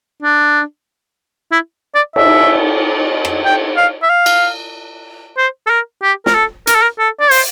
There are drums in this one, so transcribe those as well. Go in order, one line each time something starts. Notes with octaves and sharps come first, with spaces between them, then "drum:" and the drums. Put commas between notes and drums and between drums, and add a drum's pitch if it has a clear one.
D4
E4
D5
E5, drum: cymbal
drum: rim click
G5
F5
E5
F5
drum: cymbal
C5
A4
A#4
G4
A#4, drum: snare
A4
A#4, drum: hi-hat
A4
A#4
A4
D5
C5, drum: open hi-hat